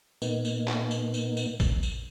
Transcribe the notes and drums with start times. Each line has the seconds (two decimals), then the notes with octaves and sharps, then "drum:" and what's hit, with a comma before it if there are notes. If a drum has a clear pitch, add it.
0.22 A#2 A#3 B3 D#4, drum: tambourine
0.45 drum: tambourine
0.68 drum: clap
0.91 drum: tambourine
1.14 drum: tambourine
1.37 drum: tambourine
1.60 drum: kick A1, tambourine
1.83 drum: tambourine